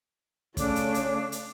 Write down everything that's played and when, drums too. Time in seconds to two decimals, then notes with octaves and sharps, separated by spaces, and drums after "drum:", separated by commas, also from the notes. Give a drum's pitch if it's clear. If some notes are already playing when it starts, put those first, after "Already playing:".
0.57 C#3 A3 D4 C#5, drum: kick, hi-hat
0.76 drum: hi-hat
0.94 drum: hi-hat
1.32 drum: hi-hat